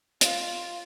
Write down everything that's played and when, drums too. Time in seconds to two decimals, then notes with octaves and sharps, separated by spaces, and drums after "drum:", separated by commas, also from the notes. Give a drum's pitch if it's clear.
0.21 F4, drum: hi-hat